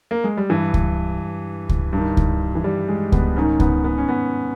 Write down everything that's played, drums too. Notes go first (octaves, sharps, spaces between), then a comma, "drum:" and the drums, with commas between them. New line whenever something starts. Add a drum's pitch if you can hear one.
A#3
G#3
G3
G2 E3
drum: kick C#2
drum: kick C#2
G2 D#3
drum: kick C#2
E3
G3
G#3
B3, drum: kick C#2
G#2 D#3 C#4
B3, drum: kick C#2
B3
C#4
B3